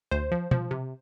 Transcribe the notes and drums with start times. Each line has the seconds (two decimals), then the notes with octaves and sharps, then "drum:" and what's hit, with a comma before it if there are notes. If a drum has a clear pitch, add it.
0.11 D2 C5
0.32 F3
0.51 F3, drum: tom B2
0.71 C3